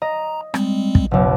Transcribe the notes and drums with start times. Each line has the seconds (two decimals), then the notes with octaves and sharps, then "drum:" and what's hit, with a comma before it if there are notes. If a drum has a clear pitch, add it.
0.02 D#5 A#5
0.54 G3 G#3 C4, drum: rim click
0.95 drum: kick
1.11 F#1 B1